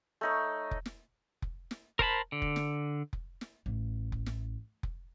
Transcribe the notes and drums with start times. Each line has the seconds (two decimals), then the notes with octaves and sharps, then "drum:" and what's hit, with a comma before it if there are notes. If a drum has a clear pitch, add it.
0.21 A3 D#4 C#5
0.71 drum: kick F1
0.86 drum: snare
1.42 drum: kick F1
1.71 drum: snare
1.99 A#4 C5 A5 B5, drum: kick F1
2.32 D3
2.42 drum: kick F1
2.56 drum: snare
3.13 drum: kick F1
3.41 drum: snare
3.66 A1
4.12 drum: kick F1
4.26 drum: snare
4.83 drum: kick F1